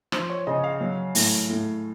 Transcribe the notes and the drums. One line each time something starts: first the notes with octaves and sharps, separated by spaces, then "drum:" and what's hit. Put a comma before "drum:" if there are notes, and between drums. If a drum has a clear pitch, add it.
F3 C5, drum: rim click
C#5
C#3 D#5
F5
F#3
A2, drum: open hi-hat
A2